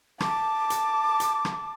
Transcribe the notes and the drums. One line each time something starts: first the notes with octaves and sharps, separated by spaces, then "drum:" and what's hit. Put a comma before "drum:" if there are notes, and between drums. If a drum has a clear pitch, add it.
A5 D6, drum: rim click
drum: hi-hat
drum: hi-hat
drum: rim click